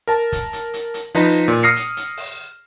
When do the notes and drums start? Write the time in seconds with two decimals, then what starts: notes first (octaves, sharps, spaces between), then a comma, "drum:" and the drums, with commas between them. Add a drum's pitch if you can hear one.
0.08 A#4 A5
0.32 drum: kick, hi-hat
0.53 drum: hi-hat
0.73 drum: hi-hat
0.94 drum: hi-hat
1.15 F3 D#4 B4 A#5, drum: open hi-hat
1.48 A#2
1.63 D#6 F6 A#6 C7 C#7
1.76 drum: hi-hat
1.97 drum: hi-hat
2.17 drum: open hi-hat